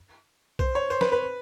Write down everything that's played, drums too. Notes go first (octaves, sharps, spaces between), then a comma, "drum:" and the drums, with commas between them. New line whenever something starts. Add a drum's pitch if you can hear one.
C5, drum: kick B1
C#5
C5
B4, drum: snare
B4